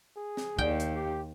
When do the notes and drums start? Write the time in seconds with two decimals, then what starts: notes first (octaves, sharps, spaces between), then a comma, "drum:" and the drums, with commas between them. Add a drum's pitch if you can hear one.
0.16 G#4
0.37 drum: snare
0.59 D#2 G5, drum: kick
0.80 drum: hi-hat
0.95 G4